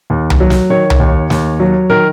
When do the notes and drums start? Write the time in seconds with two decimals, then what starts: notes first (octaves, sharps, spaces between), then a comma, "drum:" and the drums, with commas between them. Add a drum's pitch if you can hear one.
0.10 D#2
0.30 drum: tom C2
0.40 F#3
0.50 drum: snare
0.70 D#3 C#5
0.90 drum: tom C2
1.00 D#2
1.30 D#2, drum: snare
1.60 F#3
1.90 D#3 A#4